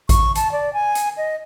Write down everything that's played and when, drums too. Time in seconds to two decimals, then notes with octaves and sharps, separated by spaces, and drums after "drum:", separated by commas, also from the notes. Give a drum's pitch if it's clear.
0.09 C#6, drum: kick A1, hi-hat
0.35 A5, drum: hi-hat
0.52 D5
0.73 G#5
0.95 drum: hi-hat
1.17 D#5